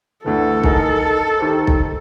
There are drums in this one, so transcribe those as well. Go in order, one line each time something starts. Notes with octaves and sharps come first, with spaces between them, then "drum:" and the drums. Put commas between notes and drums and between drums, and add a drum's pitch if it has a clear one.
D2 D3 E3 A4
D#4 G#4 A#4, drum: kick B1
D#3 G4 C5
drum: kick B1